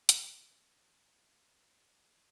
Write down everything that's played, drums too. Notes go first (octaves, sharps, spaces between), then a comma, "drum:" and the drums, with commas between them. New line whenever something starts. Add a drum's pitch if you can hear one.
drum: hi-hat
D3 D5 C#6
C3 F#3 G3 D#4 A4 A#4 C5
F#4 G4